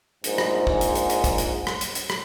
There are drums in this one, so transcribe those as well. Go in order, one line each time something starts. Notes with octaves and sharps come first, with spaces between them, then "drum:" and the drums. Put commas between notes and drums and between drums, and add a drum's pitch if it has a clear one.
A#1 G#2, drum: hi-hat
drum: rim click
drum: kick
drum: hi-hat
drum: hi-hat
drum: hi-hat
drum: kick, hi-hat
drum: hi-hat
drum: rim click
drum: hi-hat
drum: hi-hat
drum: rim click